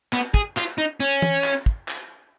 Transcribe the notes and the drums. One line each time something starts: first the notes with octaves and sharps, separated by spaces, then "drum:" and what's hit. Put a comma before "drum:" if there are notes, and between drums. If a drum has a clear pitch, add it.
B3, drum: clap
G#4, drum: kick
F4, drum: clap
D#4
C#4
drum: tom
drum: clap
drum: kick
drum: clap